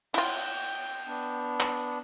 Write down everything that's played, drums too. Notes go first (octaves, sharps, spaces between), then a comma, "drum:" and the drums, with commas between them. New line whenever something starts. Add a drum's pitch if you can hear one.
E4 F4 G5, drum: cymbal
B3 D4
drum: clap